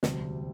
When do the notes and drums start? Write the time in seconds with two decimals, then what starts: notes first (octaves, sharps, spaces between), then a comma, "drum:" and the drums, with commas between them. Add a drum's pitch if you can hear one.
0.03 E1 D2 C3 G3, drum: snare